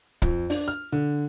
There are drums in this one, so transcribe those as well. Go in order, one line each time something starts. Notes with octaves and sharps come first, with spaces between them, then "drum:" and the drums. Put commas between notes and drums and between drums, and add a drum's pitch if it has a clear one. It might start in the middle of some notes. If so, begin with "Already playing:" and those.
F2, drum: kick
D4, drum: open hi-hat
F6
D3